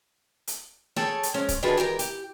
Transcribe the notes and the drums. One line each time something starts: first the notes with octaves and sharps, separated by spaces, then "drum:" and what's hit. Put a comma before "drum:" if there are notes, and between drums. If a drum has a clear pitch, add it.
drum: hi-hat
G#4 A4 C#5 G5 A5, drum: snare
drum: hi-hat
F3 G#3 C#4
drum: kick C#1, hi-hat
D#3 F3 D4 F#4 G#4 B4
E3 G#3 G4 A#4
G4, drum: hi-hat